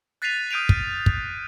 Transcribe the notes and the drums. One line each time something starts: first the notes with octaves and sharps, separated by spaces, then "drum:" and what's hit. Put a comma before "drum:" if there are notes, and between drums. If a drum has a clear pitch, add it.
F#6 A6 B6 C7 D#7 F7
D#6 F6 G6 D7 D#7 F7
drum: kick
drum: kick